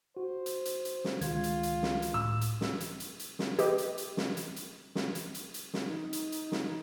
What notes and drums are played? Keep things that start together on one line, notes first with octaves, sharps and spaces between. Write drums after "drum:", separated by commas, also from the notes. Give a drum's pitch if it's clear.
F#4 C5
drum: hi-hat
drum: hi-hat
drum: hi-hat
drum: snare
C#2 D#3 G#3 F4 G#6, drum: hi-hat
drum: hi-hat
drum: hi-hat
drum: snare
drum: hi-hat
A2 E6
drum: hi-hat
drum: snare
drum: hi-hat
drum: hi-hat
drum: hi-hat
drum: snare
G4 B4 D#5, drum: hi-hat
drum: hi-hat
drum: hi-hat
drum: snare
drum: hi-hat
drum: hi-hat
drum: snare
drum: hi-hat
drum: hi-hat
drum: hi-hat
drum: snare
D#4
drum: hi-hat
drum: hi-hat
drum: snare